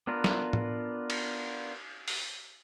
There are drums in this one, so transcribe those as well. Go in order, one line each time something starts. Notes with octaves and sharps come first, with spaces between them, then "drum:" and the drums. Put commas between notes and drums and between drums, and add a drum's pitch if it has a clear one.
B3 D4 F4 A#4 B4
drum: snare
drum: tom A2
drum: cymbal
drum: open hi-hat